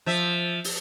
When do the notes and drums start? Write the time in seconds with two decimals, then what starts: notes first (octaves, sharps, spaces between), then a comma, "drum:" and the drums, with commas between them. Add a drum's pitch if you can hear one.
0.06 F3 E5
0.64 drum: open hi-hat